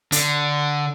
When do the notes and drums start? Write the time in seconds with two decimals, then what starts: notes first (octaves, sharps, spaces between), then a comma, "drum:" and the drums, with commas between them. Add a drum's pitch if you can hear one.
0.12 D3, drum: hi-hat